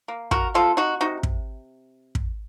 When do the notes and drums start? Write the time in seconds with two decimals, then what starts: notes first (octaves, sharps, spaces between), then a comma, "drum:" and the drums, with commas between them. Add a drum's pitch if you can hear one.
0.08 A#3
0.31 F#4 A#4, drum: kick
0.54 C3 F4 A4
0.77 D#4 F#4
1.00 C3 D#4 F#4
1.23 drum: kick
2.15 drum: kick